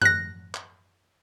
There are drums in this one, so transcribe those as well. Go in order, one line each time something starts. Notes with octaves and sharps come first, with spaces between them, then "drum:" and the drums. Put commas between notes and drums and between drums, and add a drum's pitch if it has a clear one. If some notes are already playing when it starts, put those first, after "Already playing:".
F#6 A#6, drum: tom F#2
drum: clap